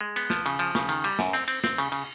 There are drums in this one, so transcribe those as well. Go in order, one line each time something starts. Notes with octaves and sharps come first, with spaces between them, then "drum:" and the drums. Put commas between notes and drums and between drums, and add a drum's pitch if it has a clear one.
G#3
B3, drum: cymbal
F3, drum: snare
C#3, drum: cymbal
F3, drum: cymbal
C#3, drum: snare
D#3, drum: cymbal
G3, drum: cymbal
F#2, drum: snare
C4, drum: cymbal
C4, drum: cymbal
C4, drum: snare
C#3, drum: cymbal
C#3, drum: cymbal